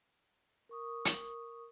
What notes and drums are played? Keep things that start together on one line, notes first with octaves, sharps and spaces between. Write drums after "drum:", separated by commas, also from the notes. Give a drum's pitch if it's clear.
A#4 C#6 D#6
drum: hi-hat